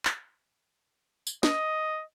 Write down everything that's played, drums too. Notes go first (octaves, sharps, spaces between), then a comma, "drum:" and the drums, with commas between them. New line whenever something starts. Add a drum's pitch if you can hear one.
drum: clap
drum: tambourine
D#5, drum: snare